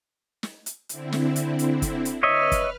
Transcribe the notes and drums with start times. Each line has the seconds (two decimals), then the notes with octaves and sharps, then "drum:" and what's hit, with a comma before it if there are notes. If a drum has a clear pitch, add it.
0.43 drum: snare
0.66 drum: hi-hat
0.89 D3 C4 E4, drum: hi-hat
1.12 drum: snare
1.36 drum: hi-hat
1.59 drum: hi-hat
1.82 drum: kick, hi-hat
2.05 drum: hi-hat
2.23 B4 C#5 D#5 E5 F6
2.52 drum: kick, hi-hat